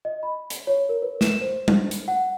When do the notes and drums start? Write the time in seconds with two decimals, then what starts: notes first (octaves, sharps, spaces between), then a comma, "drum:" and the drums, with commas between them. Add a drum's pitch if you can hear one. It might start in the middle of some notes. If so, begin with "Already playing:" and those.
0.05 D#5
0.23 B5
0.50 drum: hi-hat
0.67 C#5
0.89 A#4
1.02 B4
1.21 E7, drum: snare
1.41 C5
1.68 drum: tom G3
1.91 drum: hi-hat
2.08 F#5